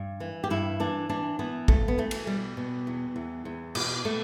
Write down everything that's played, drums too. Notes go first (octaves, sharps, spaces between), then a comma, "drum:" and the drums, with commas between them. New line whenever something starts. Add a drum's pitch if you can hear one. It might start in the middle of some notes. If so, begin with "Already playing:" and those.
Already playing: G2
E3
G4
G2 E4
E3 D4
E3 D4
E3 B3
G2 A3, drum: kick
B3
E3 A3
drum: cymbal
B2 G3
B2
E2
E2
E2
B2, drum: cymbal
B2 A3